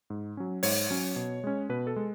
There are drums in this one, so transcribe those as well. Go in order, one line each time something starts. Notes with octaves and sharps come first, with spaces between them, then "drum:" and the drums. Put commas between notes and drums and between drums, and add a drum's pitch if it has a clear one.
G#2
F#3 C#4
G#2 C#5, drum: open hi-hat
F#3 C#4
B2
G#3 C#4
B2 B4
A4
G#3